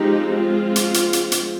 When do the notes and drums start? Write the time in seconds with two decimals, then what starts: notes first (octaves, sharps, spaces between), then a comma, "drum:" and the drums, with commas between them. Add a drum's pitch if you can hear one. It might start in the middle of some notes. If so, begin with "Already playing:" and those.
Already playing: F3 G#3 C4 D#4 G4
0.38 F4
0.76 drum: hi-hat
0.94 drum: hi-hat
1.13 drum: hi-hat
1.32 drum: hi-hat